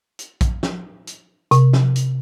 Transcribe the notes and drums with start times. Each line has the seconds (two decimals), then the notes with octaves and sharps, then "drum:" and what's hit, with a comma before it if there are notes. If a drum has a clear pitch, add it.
0.19 drum: hi-hat
0.41 drum: kick A#1, hi-hat
0.63 drum: snare
1.07 drum: hi-hat
1.51 C3, drum: hi-hat
1.73 drum: snare
1.96 drum: hi-hat